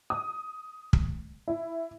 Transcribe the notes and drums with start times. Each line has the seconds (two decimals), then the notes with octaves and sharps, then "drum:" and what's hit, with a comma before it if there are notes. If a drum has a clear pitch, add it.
0.10 D#6
0.93 drum: kick
1.48 E4